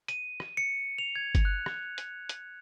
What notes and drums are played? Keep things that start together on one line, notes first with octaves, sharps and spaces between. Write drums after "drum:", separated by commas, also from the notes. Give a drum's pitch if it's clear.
D#7, drum: hi-hat
drum: rim click
C#7
F7
G#6
drum: kick G1, hi-hat
F#6
drum: rim click
drum: hi-hat
drum: hi-hat